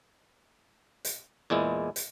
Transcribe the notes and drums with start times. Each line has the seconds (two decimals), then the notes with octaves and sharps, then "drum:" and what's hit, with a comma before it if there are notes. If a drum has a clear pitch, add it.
1.05 drum: hi-hat
1.50 E2 A#2 G#3 E4
1.96 drum: hi-hat